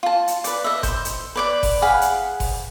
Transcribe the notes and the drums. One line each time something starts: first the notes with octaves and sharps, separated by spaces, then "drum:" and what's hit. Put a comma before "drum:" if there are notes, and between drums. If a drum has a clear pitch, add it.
F4 A5
drum: hi-hat
B4 D5, drum: hi-hat
D#5 E5
C5, drum: kick F#1, hi-hat
drum: hi-hat
B4 D5 D6
drum: kick F#1, open hi-hat
G#4 F5 F#5 B5
drum: hi-hat
drum: kick F#1, open hi-hat